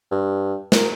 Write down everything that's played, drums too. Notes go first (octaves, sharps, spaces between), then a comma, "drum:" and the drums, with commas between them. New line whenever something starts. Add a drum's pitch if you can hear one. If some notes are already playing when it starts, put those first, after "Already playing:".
G2
A#4, drum: snare